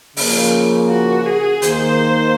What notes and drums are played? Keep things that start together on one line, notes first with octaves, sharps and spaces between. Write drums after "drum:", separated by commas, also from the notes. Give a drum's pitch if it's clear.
C#3 F3 A#3, drum: open hi-hat
F#4
G#4
D#2 D#3 A#3 D#4 C5, drum: hi-hat